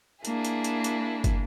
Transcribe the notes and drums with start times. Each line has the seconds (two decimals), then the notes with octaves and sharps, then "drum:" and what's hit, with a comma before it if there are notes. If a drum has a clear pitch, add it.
0.25 A#3 D4 E4 G#4, drum: hi-hat
0.45 drum: hi-hat
0.64 drum: hi-hat
0.84 drum: hi-hat
1.24 drum: kick, hi-hat